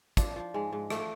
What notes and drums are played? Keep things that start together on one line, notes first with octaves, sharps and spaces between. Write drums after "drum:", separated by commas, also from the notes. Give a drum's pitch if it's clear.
F3 D4, drum: kick, hi-hat
F3
G#2 G#3
G#2
F3 A3, drum: rim click